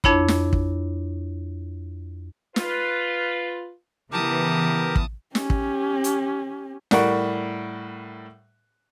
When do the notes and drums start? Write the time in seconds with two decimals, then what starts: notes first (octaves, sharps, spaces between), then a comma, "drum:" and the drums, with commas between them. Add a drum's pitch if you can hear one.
0.04 F2 D4 E4 C#5 B5, drum: kick
0.28 drum: snare
0.53 drum: kick
2.56 F4 B4, drum: snare
4.12 C#3 E3 B3 G4 A#4 A5 D#6
4.96 drum: kick
5.35 C#4 G4, drum: snare
5.50 drum: kick
6.04 drum: hi-hat
6.91 A2 G3 A#4 F#5 C#6, drum: snare